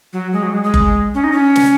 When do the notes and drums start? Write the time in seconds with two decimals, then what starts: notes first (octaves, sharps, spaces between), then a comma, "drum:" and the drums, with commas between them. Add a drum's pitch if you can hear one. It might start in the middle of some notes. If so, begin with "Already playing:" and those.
0.13 F#3
0.33 G#3
0.43 F#3
0.53 G#3
0.64 G#3
0.74 drum: kick F#1
1.15 C#4
1.24 D#4
1.32 C#4
1.55 drum: snare